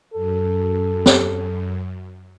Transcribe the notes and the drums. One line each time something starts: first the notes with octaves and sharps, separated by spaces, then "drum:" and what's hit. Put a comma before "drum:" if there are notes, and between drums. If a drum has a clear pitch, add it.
F#2 A4
drum: snare